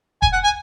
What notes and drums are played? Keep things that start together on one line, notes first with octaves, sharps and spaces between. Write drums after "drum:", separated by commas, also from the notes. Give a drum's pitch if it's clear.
G#5, drum: kick E1
F#5
G#5